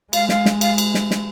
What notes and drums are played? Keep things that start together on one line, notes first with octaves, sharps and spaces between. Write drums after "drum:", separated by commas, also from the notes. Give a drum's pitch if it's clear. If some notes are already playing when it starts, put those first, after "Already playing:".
G#3 F5, drum: cymbal
F5, drum: snare
drum: snare
F5, drum: cymbal
drum: cymbal
drum: snare
drum: snare